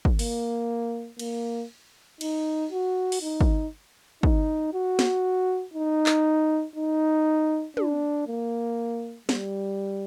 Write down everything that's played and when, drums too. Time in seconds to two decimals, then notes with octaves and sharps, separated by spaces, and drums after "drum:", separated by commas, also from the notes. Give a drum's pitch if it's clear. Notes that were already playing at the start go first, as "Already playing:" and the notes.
0.05 drum: kick
0.19 A#3, drum: open hi-hat
1.19 A#3, drum: cymbal
2.21 D#4, drum: cymbal
2.72 F#4
3.12 drum: open hi-hat
3.22 D#4
3.41 drum: kick
4.23 D#4, drum: kick
4.73 F#4
4.99 drum: snare
5.74 D#4
6.06 drum: clap
6.76 D#4
7.77 D4, drum: tom
8.27 A#3
9.29 G3, drum: snare